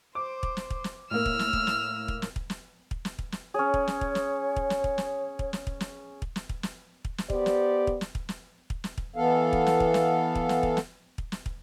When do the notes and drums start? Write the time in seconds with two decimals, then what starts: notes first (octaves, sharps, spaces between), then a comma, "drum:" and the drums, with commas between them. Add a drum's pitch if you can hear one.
0.15 C5 D6
0.43 drum: kick
0.57 drum: snare
0.70 drum: kick
0.84 drum: snare
1.11 A2 A#3 E6 F6
1.26 drum: kick
1.39 drum: snare
1.53 drum: kick
1.67 drum: snare
2.08 drum: kick
2.22 drum: snare
2.36 drum: kick
2.50 drum: snare
2.91 drum: kick
3.05 drum: snare
3.19 drum: kick
3.32 drum: snare
3.54 C#4 G#4 C#5
3.74 drum: kick
3.88 drum: snare
4.01 drum: kick
4.15 drum: snare
4.56 drum: kick
4.70 drum: snare
4.84 drum: kick
4.98 drum: snare
5.39 drum: kick
5.53 drum: snare
5.67 drum: kick
5.81 drum: snare
6.22 drum: kick
6.36 drum: snare
6.49 drum: kick
6.63 drum: snare
7.05 drum: kick
7.18 drum: snare
7.30 B3 G4 C5 D5, drum: kick
7.46 drum: snare
7.87 drum: kick
8.01 drum: snare
8.15 drum: kick
8.29 drum: snare
8.70 drum: kick
8.84 drum: snare
8.98 drum: kick
9.16 E3 B3 A4 F5
9.53 drum: kick
9.66 drum: snare
9.80 drum: kick
9.94 drum: snare
10.35 drum: kick
10.49 drum: snare
10.63 drum: kick
10.77 drum: snare
11.18 drum: kick
11.32 drum: snare
11.46 drum: kick